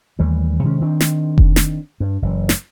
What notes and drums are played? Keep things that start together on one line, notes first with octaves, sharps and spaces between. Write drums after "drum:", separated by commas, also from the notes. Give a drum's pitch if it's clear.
D#2 E3 G3 A3
C3 D#3 G#3 C#4
D#3 C4 D4
drum: snare
drum: kick F1
drum: snare
G2
F#1 E3
drum: snare